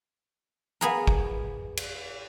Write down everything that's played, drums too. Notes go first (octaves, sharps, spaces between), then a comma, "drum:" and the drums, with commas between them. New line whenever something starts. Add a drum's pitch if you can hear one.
B3 G#4 A#4
drum: kick
drum: cymbal